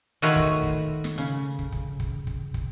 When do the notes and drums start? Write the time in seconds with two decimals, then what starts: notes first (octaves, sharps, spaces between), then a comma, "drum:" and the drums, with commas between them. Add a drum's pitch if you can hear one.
0.22 D#3 A3 F4 F#4 B4 C#5
0.36 drum: kick
0.63 drum: kick
1.04 drum: snare
1.18 C#3
1.59 drum: kick
1.72 drum: kick
2.00 drum: kick
2.27 drum: kick
2.54 drum: kick